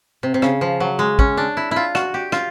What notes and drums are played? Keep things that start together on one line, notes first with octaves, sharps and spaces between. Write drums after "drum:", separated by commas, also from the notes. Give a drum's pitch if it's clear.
C3
C3
C#3, drum: rim click
F3
F#3
G#3
C#4, drum: kick
D4
E4
E4 F4
F#4, drum: rim click
G4
F4, drum: rim click